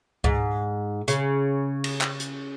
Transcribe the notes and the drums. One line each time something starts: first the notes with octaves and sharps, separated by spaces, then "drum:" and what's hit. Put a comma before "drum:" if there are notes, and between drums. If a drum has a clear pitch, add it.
G#2, drum: kick C#2
C#3, drum: hi-hat
drum: cymbal
drum: clap
drum: hi-hat